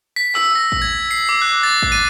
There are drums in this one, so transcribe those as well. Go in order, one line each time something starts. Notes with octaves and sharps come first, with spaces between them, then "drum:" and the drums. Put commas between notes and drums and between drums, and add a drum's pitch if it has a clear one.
B6
E6, drum: clap
A#6
drum: kick
G#6
C7
D6
F#6
A6
drum: kick
D#7